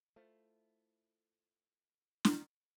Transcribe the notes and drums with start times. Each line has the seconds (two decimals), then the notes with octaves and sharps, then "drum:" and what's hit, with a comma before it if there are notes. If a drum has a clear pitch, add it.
0.16 A3 E4 F4 C5
2.25 drum: snare